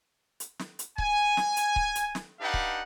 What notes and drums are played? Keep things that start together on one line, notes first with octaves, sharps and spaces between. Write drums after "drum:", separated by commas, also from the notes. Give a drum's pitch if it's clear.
drum: hi-hat
drum: snare
drum: hi-hat
G#5, drum: kick C#1
drum: snare
drum: hi-hat
drum: kick C#1
drum: hi-hat
drum: snare
D4 D#4 G4 B4 F5 F#5
drum: kick C#1